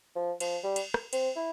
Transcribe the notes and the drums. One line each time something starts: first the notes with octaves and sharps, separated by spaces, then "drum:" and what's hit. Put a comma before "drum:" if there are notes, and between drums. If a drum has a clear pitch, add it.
F3
F3, drum: cymbal
G3
drum: cymbal
drum: rim click
C4, drum: cymbal
E4